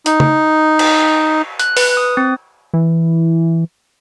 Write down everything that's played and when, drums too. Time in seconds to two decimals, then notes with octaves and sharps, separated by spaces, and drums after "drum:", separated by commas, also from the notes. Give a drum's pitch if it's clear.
0.06 D#4, drum: hi-hat
0.20 drum: tom
0.79 drum: cymbal
1.59 F#6, drum: hi-hat
1.77 B4, drum: open hi-hat
1.97 D#6
2.17 C4
2.74 E3